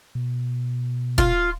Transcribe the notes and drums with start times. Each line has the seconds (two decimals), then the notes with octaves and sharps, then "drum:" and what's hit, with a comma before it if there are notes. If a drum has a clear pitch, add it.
0.15 B2
1.18 F4, drum: kick